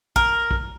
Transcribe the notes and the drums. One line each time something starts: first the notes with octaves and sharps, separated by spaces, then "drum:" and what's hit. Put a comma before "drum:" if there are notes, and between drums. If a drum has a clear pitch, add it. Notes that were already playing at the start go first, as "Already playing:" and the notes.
A#4, drum: kick
drum: kick